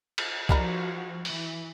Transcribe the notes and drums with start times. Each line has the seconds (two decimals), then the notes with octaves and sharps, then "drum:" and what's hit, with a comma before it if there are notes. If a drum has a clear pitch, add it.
0.18 drum: cymbal
0.49 F3 G3 D#4 F#4 A#4, drum: kick C2
1.25 E3, drum: open hi-hat